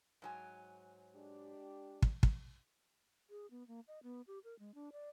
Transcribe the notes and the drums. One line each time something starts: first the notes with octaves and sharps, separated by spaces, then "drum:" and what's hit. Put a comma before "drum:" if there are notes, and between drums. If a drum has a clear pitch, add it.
G#2 F#3 G#5
G#3 D4 G4
drum: kick
drum: kick
G#4
B3
A#3
D#5
B3
G4
A#4
G#3
D4
D5